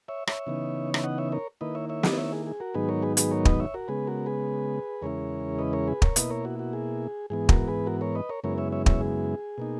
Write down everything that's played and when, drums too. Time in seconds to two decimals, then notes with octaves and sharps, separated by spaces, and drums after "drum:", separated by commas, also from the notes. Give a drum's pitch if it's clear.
0.08 C#5 E5
0.27 C#5 E5, drum: rim click
0.47 C#3 E3 B3 D#4
0.94 E5, drum: rim click
1.04 D#5 F#5
1.18 C#5 E5
1.32 A#4 C#5
1.61 D#3 A#3 E4 B4 D#5
1.75 C#5 E5
1.89 C#5 E5
2.03 B4 D#5, drum: snare
2.17 C#5 E5
2.32 G#4
2.46 G#4
2.60 F#4 A#4
2.74 G#2 D#3 F#3 B3 D#4 G#4 B4
2.89 A#4 C#5
3.02 G#4 B4
3.17 G#4 B4, drum: hi-hat
3.31 A#4 C#5
3.45 B4 D#5, drum: kick
3.60 C#5 E5
3.74 F#4 A#4
3.88 C#3 G#3 B3 G#4 B4
4.07 F#4 A#4
4.26 G#4 B4
5.02 E2 C#3 G#3 C#4 E4 A#4 C#5
5.59 B4 D#5
5.73 A#4 C#5
5.87 G#4 B4
6.02 A#4 C#5, drum: kick
6.16 B2 A#3 E4 B4 D#5, drum: hi-hat
6.30 A#4 C#5
6.45 F#4
6.59 F#4
6.73 G#4
7.30 G#2 E3 B3 G#4
7.49 F#4 A#4, drum: kick
7.68 G#4 B4
7.86 F#4 A#4
8.01 A#4 C#5
8.15 B4 D#5
8.29 A#4 C#5
8.44 F#2 C#3 G#3 B3 E4 A#4 C#5
8.58 C#5 E5
8.72 C#5 E5
8.86 C#5 E5, drum: kick
9.01 G#4
9.58 B2 A#3 D#4